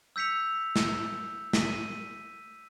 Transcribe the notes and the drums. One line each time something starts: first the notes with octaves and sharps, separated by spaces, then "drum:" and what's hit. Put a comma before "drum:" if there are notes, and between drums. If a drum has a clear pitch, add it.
E6 G6 B6 C#7 F7
drum: snare
B6 D#7, drum: snare